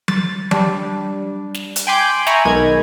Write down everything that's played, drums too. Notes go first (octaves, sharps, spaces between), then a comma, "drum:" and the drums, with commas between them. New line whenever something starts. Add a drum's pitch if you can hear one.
A6, drum: tom F#3
G3 D4, drum: tom F#3
drum: snare
drum: hi-hat
G5 G#5 B5 C6 D6 G6
E5 G#5 A#5 B5 C#6, drum: snare
B1 D#3 G#3 G#6